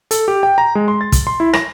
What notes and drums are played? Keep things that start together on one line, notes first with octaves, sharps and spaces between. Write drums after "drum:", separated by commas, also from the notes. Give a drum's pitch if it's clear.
A4, drum: hi-hat
G4
G5
A#5
G#3
C6
A6
drum: kick, hi-hat
C6
E4
A#6, drum: rim click